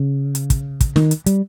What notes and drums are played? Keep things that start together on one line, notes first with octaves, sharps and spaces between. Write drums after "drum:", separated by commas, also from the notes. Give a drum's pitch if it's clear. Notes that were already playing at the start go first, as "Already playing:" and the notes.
Already playing: C#3
drum: hi-hat
drum: kick, hi-hat
drum: kick, hi-hat
D#3, drum: snare
drum: hi-hat
G3, drum: hi-hat